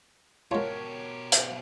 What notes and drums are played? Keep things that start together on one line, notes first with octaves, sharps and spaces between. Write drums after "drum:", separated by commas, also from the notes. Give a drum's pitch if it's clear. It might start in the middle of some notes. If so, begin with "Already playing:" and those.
B2 G#3 F4 G4 A#4 C#5 F#5 A5
drum: hi-hat